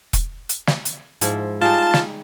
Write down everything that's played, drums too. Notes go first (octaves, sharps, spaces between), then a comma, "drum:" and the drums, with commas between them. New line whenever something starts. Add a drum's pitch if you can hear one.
drum: kick E1, hi-hat
drum: hi-hat
drum: snare
drum: hi-hat
G#2 F3 E4, drum: hi-hat
G3 G#3 D#4 F4 A5
drum: snare